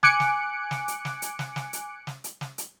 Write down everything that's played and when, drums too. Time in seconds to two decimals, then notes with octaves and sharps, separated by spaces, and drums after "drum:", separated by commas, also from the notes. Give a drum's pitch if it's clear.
0.03 G#5 D6 F#6 C#7 D7, drum: snare
0.20 drum: snare
0.71 drum: snare
0.88 drum: hi-hat
1.05 drum: snare
1.22 drum: hi-hat
1.39 drum: snare
1.56 drum: snare
1.73 drum: hi-hat
2.07 drum: snare
2.24 drum: hi-hat
2.41 drum: snare
2.58 drum: hi-hat